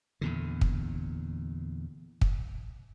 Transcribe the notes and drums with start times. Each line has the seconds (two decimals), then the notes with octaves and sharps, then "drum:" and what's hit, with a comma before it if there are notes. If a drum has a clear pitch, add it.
0.21 E2 A#2 D3
0.61 drum: kick
2.21 drum: kick